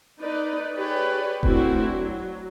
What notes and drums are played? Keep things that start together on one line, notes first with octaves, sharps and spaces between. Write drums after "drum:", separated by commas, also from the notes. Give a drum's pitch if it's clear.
D#4 B4 D5
G4 G#4 B4 C#5 D5
A3 C4 D4 E4 F#4, drum: kick E1
F#3